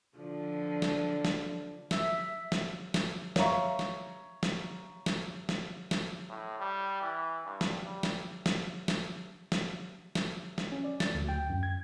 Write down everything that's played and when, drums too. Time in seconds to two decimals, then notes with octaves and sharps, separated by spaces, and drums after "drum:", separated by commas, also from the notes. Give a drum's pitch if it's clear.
0.18 D3 F3
0.82 drum: snare
1.25 drum: snare
1.91 E5, drum: snare
2.52 drum: snare
2.94 drum: snare
3.36 C#5 E5 F5 A#5 C#6, drum: snare
3.79 drum: snare
4.43 drum: snare
5.06 drum: snare
5.49 drum: snare
5.91 drum: snare
6.29 A2
6.59 G3
7.01 E3
7.45 G2
7.61 drum: snare
7.83 G3
8.03 drum: snare
8.46 drum: snare
8.88 drum: snare
9.52 drum: snare
10.15 drum: snare
10.58 drum: snare
10.72 C#4
10.84 D5
11.00 A6, drum: snare
11.15 D2
11.29 G5
11.50 F#2
11.63 G#6